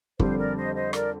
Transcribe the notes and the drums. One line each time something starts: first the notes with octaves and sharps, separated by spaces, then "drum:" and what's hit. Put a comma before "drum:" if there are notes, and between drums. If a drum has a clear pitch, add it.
F2 D3 G3 C4 G4 C5, drum: kick
A#4 D5
C5 D#5
C5 D#5
A#4 D5, drum: rim click